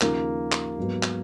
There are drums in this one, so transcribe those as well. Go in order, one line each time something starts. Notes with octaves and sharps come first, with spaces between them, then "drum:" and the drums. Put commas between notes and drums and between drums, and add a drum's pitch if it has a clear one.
D#2 C#3 F3 A#3, drum: clap
drum: clap
G#2 F#3 B3
drum: clap